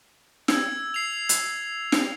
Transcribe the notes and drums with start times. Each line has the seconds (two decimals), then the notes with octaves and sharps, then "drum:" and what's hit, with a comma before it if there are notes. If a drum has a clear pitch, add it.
0.48 E6 G#6, drum: snare
0.94 C7 F7
1.29 drum: hi-hat
1.92 drum: snare